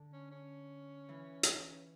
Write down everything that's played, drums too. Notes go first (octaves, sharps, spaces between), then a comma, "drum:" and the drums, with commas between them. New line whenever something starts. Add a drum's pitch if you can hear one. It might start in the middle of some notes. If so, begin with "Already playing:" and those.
Already playing: D3
C#4
C#4
E3
drum: hi-hat